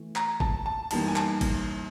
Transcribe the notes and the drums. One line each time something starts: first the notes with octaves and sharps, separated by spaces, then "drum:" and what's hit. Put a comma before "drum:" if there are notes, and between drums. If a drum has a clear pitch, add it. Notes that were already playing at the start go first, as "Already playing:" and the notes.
Already playing: E3 A3
A#5, drum: clap
A5, drum: kick
A5
E3 G3 A#3 D#4 A5, drum: cymbal
G#5
A5, drum: clap
drum: kick, cymbal